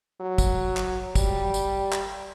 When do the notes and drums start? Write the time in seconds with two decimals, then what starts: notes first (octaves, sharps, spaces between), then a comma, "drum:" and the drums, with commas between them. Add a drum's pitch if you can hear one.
0.21 F#3
0.38 drum: kick, tambourine
0.77 drum: clap
1.15 G3, drum: kick, tambourine
1.54 drum: tambourine
1.93 drum: clap